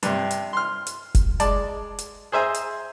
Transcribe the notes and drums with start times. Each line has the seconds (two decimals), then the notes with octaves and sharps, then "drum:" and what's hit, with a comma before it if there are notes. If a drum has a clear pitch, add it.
0.03 G2 C3, drum: hi-hat
0.31 drum: hi-hat
0.53 C6 F6
0.87 drum: hi-hat
1.15 drum: kick F1, hi-hat
1.40 G#3 D5 A5, drum: hi-hat
1.99 drum: hi-hat
2.32 G#4 C5 E5 G#5 A#5
2.54 drum: hi-hat